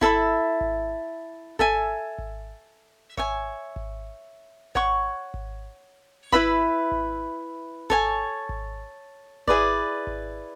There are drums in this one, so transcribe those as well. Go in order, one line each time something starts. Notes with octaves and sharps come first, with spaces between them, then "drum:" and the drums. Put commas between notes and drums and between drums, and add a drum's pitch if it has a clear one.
E4 A4 E5 B5, drum: kick G#1
drum: kick G#1
A4 E5 G#5, drum: kick G#1
drum: kick G#1
C#5 E5 G#5, drum: kick G#1
drum: kick G#1
C#5 F#5 C#6, drum: kick G#1
drum: kick G#1
E4 B4 E5 B5, drum: kick G#1
drum: kick G#1
A4 C#5 G#5, drum: kick G#1
drum: kick G#1
E4 G#4 B4 D5, drum: kick G#1
drum: kick G#1